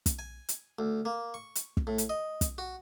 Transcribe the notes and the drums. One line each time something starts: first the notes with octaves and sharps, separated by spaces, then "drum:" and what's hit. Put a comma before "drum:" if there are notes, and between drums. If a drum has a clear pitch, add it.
drum: kick, hi-hat
G#5
drum: hi-hat
D2
A#3
C#6
drum: hi-hat
drum: kick
A2
drum: hi-hat
D#5
drum: kick, hi-hat
F#4